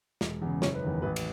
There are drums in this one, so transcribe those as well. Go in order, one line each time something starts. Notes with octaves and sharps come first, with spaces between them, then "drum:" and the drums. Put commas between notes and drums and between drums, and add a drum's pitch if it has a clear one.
E1, drum: snare
E2 C#3
F#1 C#5, drum: snare
B4
E2 D#3
A1 B4
drum: cymbal